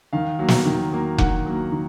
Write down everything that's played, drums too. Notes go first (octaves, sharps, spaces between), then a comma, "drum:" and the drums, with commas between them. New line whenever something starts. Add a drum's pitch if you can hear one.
D#3 F5
F#3 A#3
drum: snare
D#3
F#3 A#3
D#3 F#5, drum: kick F1
F#3 A#3
D#3